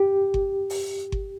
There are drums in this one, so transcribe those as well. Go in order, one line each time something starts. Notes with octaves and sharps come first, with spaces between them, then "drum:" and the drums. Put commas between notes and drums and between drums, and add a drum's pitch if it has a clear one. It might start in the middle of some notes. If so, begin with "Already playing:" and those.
Already playing: G4
drum: kick G1
drum: open hi-hat
drum: kick G1